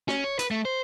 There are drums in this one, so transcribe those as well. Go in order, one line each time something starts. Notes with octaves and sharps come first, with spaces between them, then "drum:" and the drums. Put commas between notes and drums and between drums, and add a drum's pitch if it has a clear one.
C#4, drum: snare
C#5
B4, drum: hi-hat
A3
C5